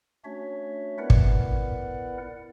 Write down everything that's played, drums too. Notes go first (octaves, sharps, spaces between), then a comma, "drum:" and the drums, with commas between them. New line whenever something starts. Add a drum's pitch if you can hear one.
A3 C#4 D4 F#4 C#5 E5
B3 E4 A#4 B4 D5 F#5
drum: kick